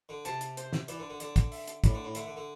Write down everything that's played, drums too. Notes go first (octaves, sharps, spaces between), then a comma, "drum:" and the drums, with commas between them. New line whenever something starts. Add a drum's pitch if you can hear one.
D3
C3 A5, drum: hi-hat
drum: hi-hat
C5, drum: hi-hat
drum: snare
E3 D5, drum: hi-hat
D3
D3
D3 D5, drum: hi-hat
drum: kick, hi-hat
E5, drum: open hi-hat
drum: hi-hat
A2 D5, drum: kick, hi-hat
D3
A2
D3 E5, drum: hi-hat
D3
D3